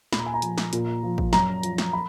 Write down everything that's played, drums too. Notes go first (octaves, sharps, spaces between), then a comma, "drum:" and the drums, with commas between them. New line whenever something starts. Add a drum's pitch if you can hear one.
A#2 B5, drum: snare
A#5
G#5
A#5
F3, drum: hi-hat
drum: snare
A#2, drum: hi-hat
F3
drum: kick
F#2 A#5, drum: snare
F3, drum: hi-hat
drum: snare
B5